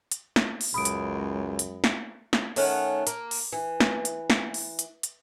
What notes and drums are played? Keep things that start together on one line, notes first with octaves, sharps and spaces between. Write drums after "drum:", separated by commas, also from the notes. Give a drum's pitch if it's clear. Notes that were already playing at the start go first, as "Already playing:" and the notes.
drum: hi-hat
drum: snare
drum: open hi-hat
C#2 F#2 G#3 B5 D#6 D7
drum: hi-hat
drum: hi-hat
drum: snare
drum: snare
D#3 A3 C#4 F#5, drum: open hi-hat
A#3, drum: hi-hat
drum: open hi-hat
E3
drum: snare
drum: hi-hat
drum: snare
drum: open hi-hat
drum: hi-hat
drum: hi-hat